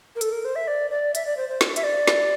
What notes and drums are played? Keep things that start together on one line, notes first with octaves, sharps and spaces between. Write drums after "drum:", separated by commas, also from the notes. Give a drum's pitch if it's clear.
A#4
A4, drum: hi-hat
A#4
C5
E5
D5
D5
E5, drum: hi-hat
D5
C5
C5
drum: snare
E5, drum: hi-hat
D5
drum: snare